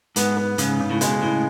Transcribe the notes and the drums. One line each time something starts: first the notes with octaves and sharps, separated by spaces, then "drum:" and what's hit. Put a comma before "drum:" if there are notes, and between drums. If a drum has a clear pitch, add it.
G#2 B3, drum: hi-hat
B3
G#2 C#3, drum: hi-hat
C#3
A2
B2 G#3, drum: hi-hat
A2 C#3